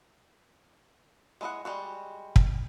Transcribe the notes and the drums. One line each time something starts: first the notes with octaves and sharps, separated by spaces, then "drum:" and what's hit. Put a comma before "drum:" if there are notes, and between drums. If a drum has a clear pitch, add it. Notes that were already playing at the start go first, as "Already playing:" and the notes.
G#3 B3 E4 D#5 F#5
G3 G#3 F#4
drum: kick